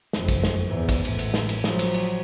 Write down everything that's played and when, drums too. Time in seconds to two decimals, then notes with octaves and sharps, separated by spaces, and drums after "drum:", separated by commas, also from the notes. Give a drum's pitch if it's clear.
0.13 F#1 F2, drum: snare
0.28 drum: kick, cymbal
0.44 drum: snare
0.67 E2 G#2
0.89 drum: kick, cymbal
1.05 A1, drum: cymbal
1.19 drum: cymbal
1.34 drum: snare
1.49 drum: cymbal
1.64 F3 F#3, drum: snare
1.79 drum: cymbal
1.94 drum: cymbal